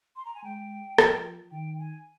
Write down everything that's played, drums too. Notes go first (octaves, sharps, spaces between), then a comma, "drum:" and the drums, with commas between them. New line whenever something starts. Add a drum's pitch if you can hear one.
C6
A#5
G#5
G#3 G5
F3, drum: rim click
D#3 G5
G#5